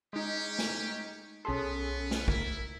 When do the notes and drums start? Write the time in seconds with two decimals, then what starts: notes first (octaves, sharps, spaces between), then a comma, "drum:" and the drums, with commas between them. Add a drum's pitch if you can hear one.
0.13 G#3 C#4 D#4 G4
0.58 drum: snare A3
1.45 B1 B3 C#4 G#4 A4 C6
2.11 drum: snare A3
2.28 E4 A#4, drum: kick